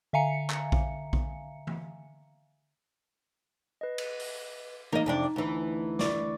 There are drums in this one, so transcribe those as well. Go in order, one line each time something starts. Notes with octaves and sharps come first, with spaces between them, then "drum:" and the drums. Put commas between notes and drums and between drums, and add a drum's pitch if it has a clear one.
D3 E5 F5 G#5 A#5 C#7
drum: clap
drum: kick A#1
drum: kick A#1
drum: tom E3
B4 D#5
drum: cymbal
drum: open hi-hat
A#3 D#4 D#5, drum: tom E3
F2 C3 D4
D2 E3
D5 C#6 D6, drum: snare